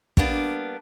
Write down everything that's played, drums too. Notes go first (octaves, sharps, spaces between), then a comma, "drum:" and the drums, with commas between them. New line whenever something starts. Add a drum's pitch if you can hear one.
G3 A#3 B3 D4, drum: kick